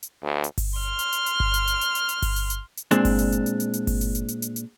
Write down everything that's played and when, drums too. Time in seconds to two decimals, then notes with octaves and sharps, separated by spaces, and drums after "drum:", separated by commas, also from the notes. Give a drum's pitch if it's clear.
0.03 drum: hi-hat
0.23 D2
0.44 drum: hi-hat
0.58 drum: kick G1, open hi-hat
0.79 C6 F6
0.99 drum: hi-hat
1.12 drum: hi-hat
1.26 drum: hi-hat
1.40 drum: kick G1
1.54 drum: hi-hat
1.67 drum: hi-hat
1.81 drum: hi-hat
1.95 drum: hi-hat
2.09 drum: hi-hat
2.22 drum: kick G1, open hi-hat
2.36 drum: hi-hat
2.50 drum: hi-hat
2.77 drum: hi-hat
2.91 A#2 G#3 C4 D4, drum: hi-hat
3.05 drum: kick G1, open hi-hat
3.19 drum: hi-hat
3.32 drum: hi-hat
3.46 drum: hi-hat
3.60 drum: hi-hat
3.74 drum: hi-hat
3.87 drum: kick G1, open hi-hat
4.01 drum: hi-hat
4.15 drum: hi-hat
4.28 drum: hi-hat
4.42 drum: hi-hat
4.56 drum: hi-hat